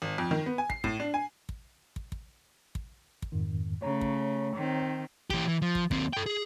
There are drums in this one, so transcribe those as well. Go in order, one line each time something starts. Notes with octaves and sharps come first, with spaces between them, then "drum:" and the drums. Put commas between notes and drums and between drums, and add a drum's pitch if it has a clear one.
G#1
F2
D#3
B3
G#5
C7, drum: kick
A2, drum: kick
D4
G#5
drum: kick
drum: kick
drum: kick
drum: kick
drum: kick
F2 G#2 D#3
C#3 A3 C#5 A#5
drum: kick
D#3 C4
E3 G4, drum: kick
E3
F3
drum: kick
D#2 C4, drum: kick
A4 G5
G#4